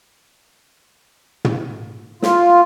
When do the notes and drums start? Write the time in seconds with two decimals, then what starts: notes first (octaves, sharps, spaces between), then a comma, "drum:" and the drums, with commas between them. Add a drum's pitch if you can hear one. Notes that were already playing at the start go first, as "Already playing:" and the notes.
1.45 drum: tom
2.22 F4, drum: snare